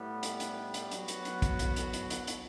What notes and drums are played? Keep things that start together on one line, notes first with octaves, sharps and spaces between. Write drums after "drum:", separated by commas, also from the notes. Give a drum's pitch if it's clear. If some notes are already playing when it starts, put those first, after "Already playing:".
Already playing: A2 G3 B3
drum: hi-hat
drum: hi-hat
drum: hi-hat
F#3 B3 F#4, drum: hi-hat
drum: hi-hat
drum: hi-hat
drum: kick, hi-hat
drum: hi-hat
drum: hi-hat
drum: hi-hat
drum: hi-hat
drum: hi-hat